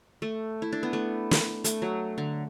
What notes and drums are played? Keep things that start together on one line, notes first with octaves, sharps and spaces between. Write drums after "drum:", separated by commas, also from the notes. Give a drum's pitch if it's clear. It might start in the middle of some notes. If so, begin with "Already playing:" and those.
A3
E4
D4
B3
A3
drum: snare
A3, drum: hi-hat
F#3
D3